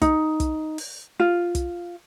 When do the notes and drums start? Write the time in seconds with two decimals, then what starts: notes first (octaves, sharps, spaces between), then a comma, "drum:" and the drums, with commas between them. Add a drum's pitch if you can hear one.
0.02 D#4, drum: kick, hi-hat
0.40 drum: kick, hi-hat
0.78 drum: open hi-hat
1.20 F4
1.55 drum: kick, hi-hat